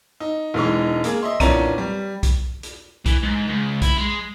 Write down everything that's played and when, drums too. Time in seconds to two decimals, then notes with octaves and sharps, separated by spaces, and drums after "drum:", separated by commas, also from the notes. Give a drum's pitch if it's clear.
0.20 D#4
0.54 E1 E3 G#3 D#4 C#6
1.04 A#3 G#4, drum: hi-hat
1.23 D#5 E5 C6
1.40 E2 A#2 C#4 D4 A#5 D#7, drum: kick B1, hi-hat
1.78 G3
2.23 drum: kick B1, hi-hat
2.63 drum: hi-hat
3.06 E3, drum: kick B1, hi-hat
3.23 G#2
3.47 C#2
3.82 E4, drum: kick B1, hi-hat
3.97 G#3